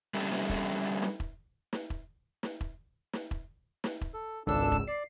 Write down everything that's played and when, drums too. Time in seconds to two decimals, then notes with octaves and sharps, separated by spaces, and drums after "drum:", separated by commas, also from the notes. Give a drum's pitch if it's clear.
0.14 G3 C#4 D4 E4 G4 A4
0.32 drum: snare
0.49 drum: kick E1
1.02 drum: snare
1.20 drum: kick E1
1.73 drum: snare
1.90 drum: kick E1
2.43 drum: snare
2.61 drum: kick E1
3.13 drum: snare
3.31 drum: kick E1
3.84 drum: snare
4.01 drum: kick E1
4.14 A4
4.47 G#1 C#2 D4 A4 E6
4.72 drum: kick E1
4.88 D5 C7